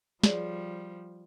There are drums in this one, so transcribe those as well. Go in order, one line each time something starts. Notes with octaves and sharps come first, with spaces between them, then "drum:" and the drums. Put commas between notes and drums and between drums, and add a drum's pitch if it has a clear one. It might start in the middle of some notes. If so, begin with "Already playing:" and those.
F3 G3 G#4 C#5 D5, drum: snare